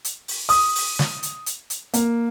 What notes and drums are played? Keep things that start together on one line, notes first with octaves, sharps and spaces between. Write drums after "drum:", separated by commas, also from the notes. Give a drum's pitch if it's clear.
drum: hi-hat
drum: open hi-hat
D#6, drum: open hi-hat
drum: open hi-hat
drum: snare
drum: hi-hat
drum: hi-hat
drum: hi-hat
A#3, drum: hi-hat